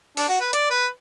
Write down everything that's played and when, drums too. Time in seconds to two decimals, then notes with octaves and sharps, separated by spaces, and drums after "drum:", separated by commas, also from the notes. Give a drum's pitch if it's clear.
0.17 D4, drum: open hi-hat
0.29 F#4
0.40 B4
0.53 D5, drum: hi-hat
0.70 B4